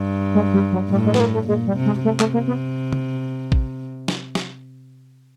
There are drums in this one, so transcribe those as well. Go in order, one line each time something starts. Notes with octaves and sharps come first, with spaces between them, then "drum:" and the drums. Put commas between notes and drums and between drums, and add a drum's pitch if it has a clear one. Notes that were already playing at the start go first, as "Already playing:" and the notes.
Already playing: G2
G#3
G3
F#3
A2 G3
G#3
B3, drum: snare
A#3
A3
A#2 G#3
G3
C3
G#3
C3 A3
A3, drum: clap
A#3
B3
drum: tom
drum: kick
drum: snare
drum: snare